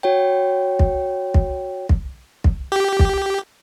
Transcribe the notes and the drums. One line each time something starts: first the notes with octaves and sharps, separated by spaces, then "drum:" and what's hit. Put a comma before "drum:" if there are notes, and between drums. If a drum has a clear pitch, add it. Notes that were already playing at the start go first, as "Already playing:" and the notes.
F#4 C#5 G5
drum: kick
drum: kick
drum: kick
drum: kick
G4
drum: kick